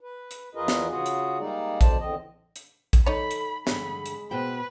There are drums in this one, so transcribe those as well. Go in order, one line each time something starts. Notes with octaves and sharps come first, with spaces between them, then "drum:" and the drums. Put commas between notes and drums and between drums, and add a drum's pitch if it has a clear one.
B4
drum: hi-hat
E2 F4 G#4 A#4 B4 D#5
drum: snare
C#3 F4 F#4 G#4
drum: hi-hat
G3 G#3 A#3 D#4 D5
B2 D3 C5 D5 A5, drum: kick A#1, hi-hat
E2 D3 C4 D#5
drum: hi-hat
drum: kick A#1, hi-hat
D#4 A4 C#5 B5
drum: hi-hat
G2 D3 G#3 G#4 B5, drum: snare
drum: hi-hat
B2 B4 C5 G5